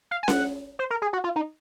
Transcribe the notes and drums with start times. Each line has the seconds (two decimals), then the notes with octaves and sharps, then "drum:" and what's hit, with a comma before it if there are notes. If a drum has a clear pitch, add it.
0.11 F5
0.23 G#5
0.28 F#5, drum: snare C#4
0.79 C5
0.90 A#4
1.02 G#4
1.13 F#4
1.24 F4
1.36 D#4